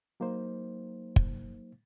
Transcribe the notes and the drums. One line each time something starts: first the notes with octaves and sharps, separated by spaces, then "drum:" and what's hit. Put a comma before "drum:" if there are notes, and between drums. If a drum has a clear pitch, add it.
F#3 A#3 D#4 C5
drum: kick